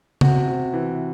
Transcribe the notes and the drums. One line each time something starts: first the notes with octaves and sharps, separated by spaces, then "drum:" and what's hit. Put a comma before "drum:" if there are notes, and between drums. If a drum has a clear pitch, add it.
C3 F#4, drum: tom
C3
E3